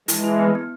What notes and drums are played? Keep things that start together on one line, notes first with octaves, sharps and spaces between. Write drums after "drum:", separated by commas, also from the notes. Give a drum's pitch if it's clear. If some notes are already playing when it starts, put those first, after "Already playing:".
E3 G#3 E4, drum: hi-hat
E4
B3
B3